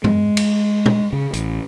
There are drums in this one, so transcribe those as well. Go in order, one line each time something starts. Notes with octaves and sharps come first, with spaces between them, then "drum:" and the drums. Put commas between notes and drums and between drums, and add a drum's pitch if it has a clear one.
G#3, drum: tom G2
drum: cymbal
drum: tom
C#3
A1, drum: hi-hat